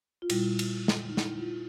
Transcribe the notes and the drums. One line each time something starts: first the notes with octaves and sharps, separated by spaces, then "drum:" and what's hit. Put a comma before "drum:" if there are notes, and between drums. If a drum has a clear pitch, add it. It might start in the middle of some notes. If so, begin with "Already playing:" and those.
F4
A#2 G3 E4, drum: cymbal
drum: cymbal
drum: snare
D#4
E4, drum: snare
E4
F4